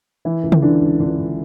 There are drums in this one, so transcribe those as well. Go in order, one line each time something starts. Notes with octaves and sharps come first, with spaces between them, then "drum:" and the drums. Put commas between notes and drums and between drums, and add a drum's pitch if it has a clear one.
E3 E4
C#2
drum: tom
D3 E3 D4
C#2
C#2 D3 D4
C#2